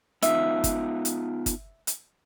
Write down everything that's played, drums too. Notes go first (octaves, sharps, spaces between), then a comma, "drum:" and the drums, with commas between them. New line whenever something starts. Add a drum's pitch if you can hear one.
B3 D#4 F4 E5, drum: hi-hat
drum: kick G1, hi-hat
drum: hi-hat
drum: kick G1, hi-hat
drum: hi-hat